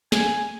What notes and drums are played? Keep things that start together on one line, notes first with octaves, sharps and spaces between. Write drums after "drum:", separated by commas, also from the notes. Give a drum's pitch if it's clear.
G#5, drum: snare